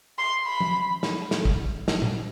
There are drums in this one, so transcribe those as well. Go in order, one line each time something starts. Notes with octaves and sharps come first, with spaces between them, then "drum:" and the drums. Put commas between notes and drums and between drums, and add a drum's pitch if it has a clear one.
C6
B5
drum: tom
drum: snare
drum: snare
drum: kick
drum: snare
drum: tom A#2